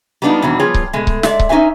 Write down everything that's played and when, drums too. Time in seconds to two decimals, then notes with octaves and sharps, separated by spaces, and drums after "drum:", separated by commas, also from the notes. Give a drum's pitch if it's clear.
0.22 G3 G#3 B3 D4 D#4 F4
0.42 E2 B2 D#3 G3 C4 D4
0.60 F3 G3 B3 F4 G#4 C#5
0.74 drum: kick C#1
0.93 B2 G#3 A3
1.07 drum: kick C#1
1.23 G#3 D5 E5, drum: snare
1.40 drum: kick C#1
1.49 C#4 D#4 G4 C5 E5 G#5